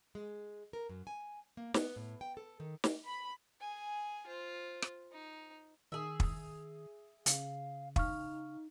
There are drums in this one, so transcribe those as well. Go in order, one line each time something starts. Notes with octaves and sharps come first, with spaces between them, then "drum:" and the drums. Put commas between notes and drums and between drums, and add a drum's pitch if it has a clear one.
G#3
A#4
F#2
G#5
A#3
B3, drum: snare
A2
G5
A4
D#3
drum: snare
B5
G#4 G#5
F4 C5
drum: rim click
D#4
D#3 G#4 E5
drum: kick
C#3 F5, drum: hi-hat
D#4 F5 C#6 F6, drum: kick